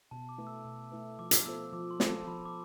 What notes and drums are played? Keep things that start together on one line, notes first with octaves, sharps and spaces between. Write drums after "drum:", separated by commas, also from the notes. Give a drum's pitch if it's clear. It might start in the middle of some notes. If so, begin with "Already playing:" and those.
B2 A5
D6
A3 E4 B4
E6
B2
A3 E4 B4
F3 D6
drum: hi-hat
B3 F4 A4 C5 E6
F3 D6
C6
B3 F4 A4 C5, drum: snare
A5
F3 B5
D6